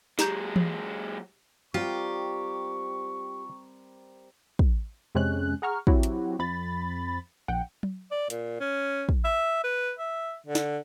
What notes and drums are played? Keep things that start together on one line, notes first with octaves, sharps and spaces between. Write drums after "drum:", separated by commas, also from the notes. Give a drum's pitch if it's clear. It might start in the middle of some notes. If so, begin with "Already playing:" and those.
F#3 G#3 G4 A#5 G6, drum: snare
drum: tom E3
G3 C4 F4 G4 A#4 C#6
drum: kick
F2 C3 G#3 C#4 F#6
G#4 F#5 A#5 C#6 F6
F#3 C4 E4 F#4 G4, drum: kick
drum: hi-hat
F2 B5 A6
A#1 F#5 G5
drum: tom F#3
D5
A#2, drum: hi-hat
C#4
drum: kick
E5
B4
E5
D3
drum: snare